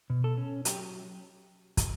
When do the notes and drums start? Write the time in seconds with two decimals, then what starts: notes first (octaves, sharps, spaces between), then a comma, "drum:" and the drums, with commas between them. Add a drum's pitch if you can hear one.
0.10 B2
0.24 A4
0.37 C#4
0.65 F#3 G4, drum: hi-hat
1.77 drum: kick, hi-hat